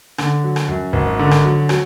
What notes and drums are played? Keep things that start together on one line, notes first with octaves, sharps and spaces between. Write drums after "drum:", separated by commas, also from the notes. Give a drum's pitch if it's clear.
D3, drum: rim click
F#3
drum: rim click
F#2
G#1
D3
drum: rim click
F#3
F#3, drum: rim click